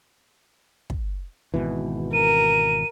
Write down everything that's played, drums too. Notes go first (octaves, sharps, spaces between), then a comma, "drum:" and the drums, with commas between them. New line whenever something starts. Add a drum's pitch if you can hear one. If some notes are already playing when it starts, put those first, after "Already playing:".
drum: kick
G#1 B2 E3
A#4 D#7